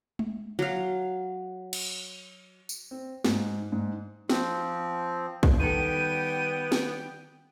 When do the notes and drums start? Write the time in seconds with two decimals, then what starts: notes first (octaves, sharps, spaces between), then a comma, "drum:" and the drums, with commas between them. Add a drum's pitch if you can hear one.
0.19 drum: tom G#3
0.59 F#3 F5
1.73 drum: cymbal
2.69 drum: tambourine
2.91 C4
3.24 G#2, drum: snare
3.72 G#2
4.30 F3 C4, drum: snare
5.43 drum: kick
5.59 D#3 G3 B3 A4 G5 D#7
6.72 drum: snare